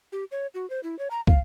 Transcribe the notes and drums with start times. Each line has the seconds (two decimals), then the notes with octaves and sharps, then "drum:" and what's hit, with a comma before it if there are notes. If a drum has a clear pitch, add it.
0.12 G4
0.31 C#5
0.54 F#4
0.70 C5
0.83 E4
0.99 C#5
1.11 A#5
1.27 F5, drum: kick